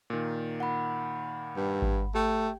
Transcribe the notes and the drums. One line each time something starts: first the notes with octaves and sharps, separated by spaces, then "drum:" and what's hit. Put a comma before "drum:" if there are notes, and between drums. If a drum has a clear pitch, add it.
A#2 D#3
F#5 B5
G2
drum: kick G#1
A3 G4 G5